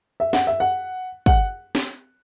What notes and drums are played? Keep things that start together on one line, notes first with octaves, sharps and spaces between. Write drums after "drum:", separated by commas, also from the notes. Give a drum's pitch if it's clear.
E5
F#5, drum: snare
E5
F#5
F#5, drum: kick
drum: snare